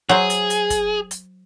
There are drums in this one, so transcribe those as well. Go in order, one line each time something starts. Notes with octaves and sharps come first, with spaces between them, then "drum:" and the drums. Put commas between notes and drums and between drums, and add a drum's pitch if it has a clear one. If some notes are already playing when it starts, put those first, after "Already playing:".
F#3 G#4 C5
drum: hi-hat
drum: hi-hat
drum: kick, hi-hat
drum: hi-hat